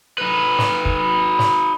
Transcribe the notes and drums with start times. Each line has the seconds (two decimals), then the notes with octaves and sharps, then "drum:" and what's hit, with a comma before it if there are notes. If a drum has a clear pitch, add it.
0.18 D#4 B4
0.58 drum: snare
0.85 drum: kick
1.39 drum: snare